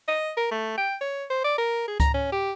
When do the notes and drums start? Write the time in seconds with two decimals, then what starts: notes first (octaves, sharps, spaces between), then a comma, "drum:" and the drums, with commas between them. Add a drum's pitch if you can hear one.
0.08 D#5
0.37 A#4
0.51 A3
0.77 G5
1.01 C#5
1.30 C5
1.44 D5
1.58 A#4
1.88 G#4
2.00 A#5, drum: kick C#2, hi-hat
2.14 C#4
2.32 G4